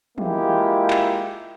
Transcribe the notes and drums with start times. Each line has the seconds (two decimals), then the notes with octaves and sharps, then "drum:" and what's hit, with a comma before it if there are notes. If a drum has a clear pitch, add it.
0.18 G#3 A#3 E4 F4 G4, drum: tom E3
0.90 drum: clap